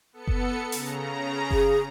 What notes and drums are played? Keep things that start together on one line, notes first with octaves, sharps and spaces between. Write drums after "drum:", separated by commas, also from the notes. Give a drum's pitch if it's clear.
B3 A4 C#7
drum: kick F#1
C#3 A#5, drum: open hi-hat
G#4, drum: kick F#1